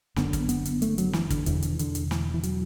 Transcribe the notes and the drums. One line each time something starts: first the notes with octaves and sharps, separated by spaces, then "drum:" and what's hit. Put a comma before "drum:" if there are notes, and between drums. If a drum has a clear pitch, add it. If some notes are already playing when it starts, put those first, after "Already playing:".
F#1 F#2 D3 B3, drum: snare
drum: kick, hi-hat
B3, drum: hi-hat
drum: hi-hat
A3, drum: hi-hat
F#3, drum: hi-hat
E3, drum: snare
D3, drum: kick, hi-hat
E1 E2 D3 E3, drum: hi-hat
drum: hi-hat
D3, drum: hi-hat
drum: hi-hat
E3, drum: snare
E3
F#3, drum: hi-hat